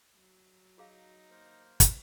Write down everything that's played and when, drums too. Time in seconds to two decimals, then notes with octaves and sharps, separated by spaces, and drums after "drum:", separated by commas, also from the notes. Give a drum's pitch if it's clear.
0.15 F#3
0.78 D#4 F#4 G#4 F5
1.30 A#3 A#4 C5
1.80 drum: kick, hi-hat